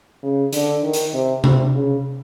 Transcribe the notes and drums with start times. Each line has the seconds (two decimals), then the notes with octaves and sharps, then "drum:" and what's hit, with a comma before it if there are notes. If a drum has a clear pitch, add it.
0.23 C#3
0.53 D3, drum: hi-hat
0.83 D#3
0.93 drum: hi-hat
1.14 C3
1.44 C3, drum: tom C3
1.74 C#3